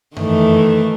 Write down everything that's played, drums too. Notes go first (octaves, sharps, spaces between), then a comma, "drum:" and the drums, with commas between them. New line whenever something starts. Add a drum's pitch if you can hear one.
D#3 E3 A3, drum: tom F#2